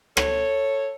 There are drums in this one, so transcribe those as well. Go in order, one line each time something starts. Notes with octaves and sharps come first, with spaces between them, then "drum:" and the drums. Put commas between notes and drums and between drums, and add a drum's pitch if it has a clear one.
A4 C#5, drum: rim click